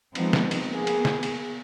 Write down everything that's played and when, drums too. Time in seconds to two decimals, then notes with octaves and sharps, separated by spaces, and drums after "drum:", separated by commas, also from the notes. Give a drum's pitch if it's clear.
0.15 F3 G#3 B3 C4 D#4, drum: cymbal
0.33 drum: snare
0.51 drum: cymbal
0.69 A#3 B3 G#4
0.87 drum: cymbal
1.05 drum: snare
1.23 drum: cymbal